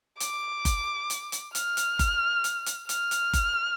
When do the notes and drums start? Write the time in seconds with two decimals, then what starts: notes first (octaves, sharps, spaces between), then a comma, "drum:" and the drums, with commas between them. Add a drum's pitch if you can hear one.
0.20 D6, drum: hi-hat
0.65 drum: kick F#1, hi-hat
1.10 drum: hi-hat
1.32 drum: hi-hat
1.55 F6, drum: hi-hat
1.77 drum: hi-hat
1.99 drum: kick F#1, hi-hat
2.44 drum: hi-hat
2.66 drum: hi-hat
2.89 F6, drum: hi-hat
3.11 drum: hi-hat
3.33 drum: kick F#1, hi-hat